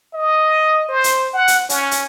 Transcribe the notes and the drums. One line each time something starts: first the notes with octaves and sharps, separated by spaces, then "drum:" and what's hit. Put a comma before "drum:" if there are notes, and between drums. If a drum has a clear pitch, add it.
D#5
C5
drum: hi-hat
F#5
drum: hi-hat
C#4, drum: hi-hat
drum: hi-hat